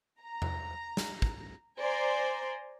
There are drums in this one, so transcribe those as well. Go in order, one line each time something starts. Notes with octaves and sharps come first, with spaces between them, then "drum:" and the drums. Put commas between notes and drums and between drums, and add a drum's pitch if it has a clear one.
A#5
drum: tom E2
drum: snare
drum: kick
C5 D5 G#5 A#5 C6